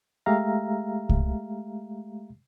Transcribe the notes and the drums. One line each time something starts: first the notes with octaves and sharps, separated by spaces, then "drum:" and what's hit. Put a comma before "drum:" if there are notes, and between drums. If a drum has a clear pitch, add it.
G#3 A3 G4 E5 F5 A#5
drum: kick C2